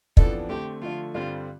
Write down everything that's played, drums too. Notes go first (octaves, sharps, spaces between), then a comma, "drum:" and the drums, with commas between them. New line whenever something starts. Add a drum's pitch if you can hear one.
F2 E3 B3 D4 A4, drum: kick
D3 A3 C4 G4
D3 F3 A3 F4
G2 D3 G3 C4 F4